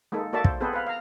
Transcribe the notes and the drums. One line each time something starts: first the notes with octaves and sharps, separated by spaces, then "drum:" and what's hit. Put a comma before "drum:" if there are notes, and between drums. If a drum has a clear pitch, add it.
G#3 A#3 D#4 A4
A#3 F#4 A4 D5 E5 A5
C5, drum: kick
B3 C4 G#4 A4 B4 C5
B4 F5
F5 A#5